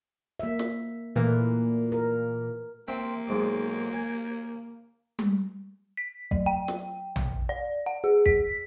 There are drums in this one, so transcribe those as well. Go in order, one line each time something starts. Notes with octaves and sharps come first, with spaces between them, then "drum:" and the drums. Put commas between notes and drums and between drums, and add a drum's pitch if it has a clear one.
A#3 E5
drum: snare
A#2 E3 A3 A#3 B4
A#4
A#3 C4 E5 G5
B1 G#2 D6
G#5
drum: tom G3
B6
F#3, drum: kick
G5
drum: snare
drum: tom A#1
D5
F#5
G#4
B6, drum: kick